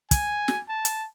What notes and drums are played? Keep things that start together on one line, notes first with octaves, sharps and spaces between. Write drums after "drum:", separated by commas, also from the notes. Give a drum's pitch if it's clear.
G#5, drum: kick, hi-hat
drum: snare
A5
drum: hi-hat